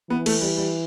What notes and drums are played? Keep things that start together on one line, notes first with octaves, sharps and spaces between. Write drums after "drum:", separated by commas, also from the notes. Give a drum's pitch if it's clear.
E3 B3
A3, drum: cymbal
G3
G3